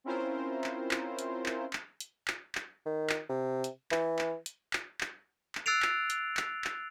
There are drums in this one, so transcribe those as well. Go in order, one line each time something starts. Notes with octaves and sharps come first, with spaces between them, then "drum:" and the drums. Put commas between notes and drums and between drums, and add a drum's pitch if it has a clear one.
C4 C#4 E4 F4 A#4 C5
drum: clap
drum: clap
drum: hi-hat
drum: clap
drum: clap
drum: hi-hat
drum: clap
drum: clap
D#3
drum: clap
C3
drum: hi-hat
E3, drum: clap
drum: clap
drum: hi-hat
drum: clap
drum: clap
drum: clap
E6 F#6 A6 C7 D7 F7
drum: clap
drum: hi-hat
drum: clap
drum: clap